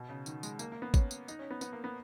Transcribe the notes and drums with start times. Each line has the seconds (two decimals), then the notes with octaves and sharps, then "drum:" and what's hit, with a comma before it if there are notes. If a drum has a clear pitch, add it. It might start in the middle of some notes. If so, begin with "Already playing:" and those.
Already playing: B2
0.09 C#3
0.26 D#3, drum: tambourine
0.43 G#3, drum: tambourine
0.59 A#3, drum: tambourine
0.72 A#3
0.82 B3
0.94 C#4, drum: kick, tambourine
1.11 drum: tambourine
1.28 D#4, drum: tambourine
1.39 C#4
1.50 B3
1.61 B3, drum: tambourine
1.73 A#3
1.84 B3